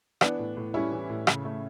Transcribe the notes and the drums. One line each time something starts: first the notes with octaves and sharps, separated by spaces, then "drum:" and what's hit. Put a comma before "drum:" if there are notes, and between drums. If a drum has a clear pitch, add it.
E3 B3 D4, drum: rim click
A2
A2
G3 C#4 E4
E3
A2
C#3, drum: rim click
A3